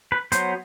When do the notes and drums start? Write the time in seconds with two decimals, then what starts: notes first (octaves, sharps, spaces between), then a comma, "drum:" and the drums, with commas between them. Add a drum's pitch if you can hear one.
0.12 B4
0.32 F#3 B3 C5, drum: hi-hat